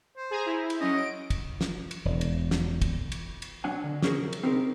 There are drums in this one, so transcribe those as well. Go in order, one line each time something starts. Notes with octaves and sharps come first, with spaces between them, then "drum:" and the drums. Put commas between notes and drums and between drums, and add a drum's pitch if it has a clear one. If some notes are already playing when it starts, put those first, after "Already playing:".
C5
G#4 G#5 A#5
E4
drum: cymbal
F#3 C#4 D#5
D7
drum: kick, cymbal
drum: snare
drum: cymbal
E1
drum: cymbal
drum: snare
drum: kick, cymbal
drum: cymbal
drum: cymbal
B1 F#3 D4 F#5 G#5
D3
F#3 C#4 G#4 A#4, drum: snare
C3 F#3
drum: cymbal
C4 C#4 D#4 G4 G#4 A#4